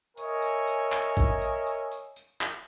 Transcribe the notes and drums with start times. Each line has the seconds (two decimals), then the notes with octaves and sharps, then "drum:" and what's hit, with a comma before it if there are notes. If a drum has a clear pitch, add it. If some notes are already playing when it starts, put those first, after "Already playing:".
0.17 A#4 C#5 D#5 E5 G#5, drum: tambourine
0.42 drum: tambourine
0.67 drum: tambourine
0.92 drum: clap
1.17 drum: kick G#1, tambourine
1.42 drum: tambourine
1.67 drum: tambourine
1.91 drum: tambourine
2.16 drum: tambourine
2.41 drum: clap